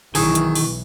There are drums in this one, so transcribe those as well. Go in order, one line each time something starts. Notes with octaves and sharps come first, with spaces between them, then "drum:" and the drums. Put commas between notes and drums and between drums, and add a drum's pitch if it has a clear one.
B1 D#3 E3 E4 G#4 C#6, drum: open hi-hat
drum: hi-hat
drum: open hi-hat